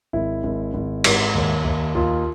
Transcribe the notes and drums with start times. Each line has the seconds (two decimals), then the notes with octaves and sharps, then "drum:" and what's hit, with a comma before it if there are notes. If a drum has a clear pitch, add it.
0.13 G#1 E4
0.44 G#1
0.74 G#1
1.04 G#2, drum: cymbal
1.34 D#2
1.65 D#2
1.95 D#2 F4